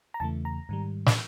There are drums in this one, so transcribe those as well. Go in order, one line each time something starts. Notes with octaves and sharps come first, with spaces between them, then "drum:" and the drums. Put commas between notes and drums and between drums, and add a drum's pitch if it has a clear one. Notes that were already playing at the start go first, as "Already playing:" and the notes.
A#5
E2 C#3 E3 A3 A5
A#5
G#2 D#3 G3
drum: snare